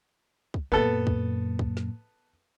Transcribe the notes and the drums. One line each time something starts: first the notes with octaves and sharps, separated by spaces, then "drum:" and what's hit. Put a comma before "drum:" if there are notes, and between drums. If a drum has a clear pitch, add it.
drum: kick
F#2 A#2 B3 A4
drum: kick
drum: kick
drum: snare